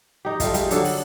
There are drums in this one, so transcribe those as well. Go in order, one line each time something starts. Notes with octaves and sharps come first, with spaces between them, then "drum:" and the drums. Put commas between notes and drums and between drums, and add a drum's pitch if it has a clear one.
D#4 G4
G3 A3 F4, drum: kick, hi-hat
G3 G#4, drum: hi-hat
D3 F#3 D4 A4, drum: hi-hat
drum: open hi-hat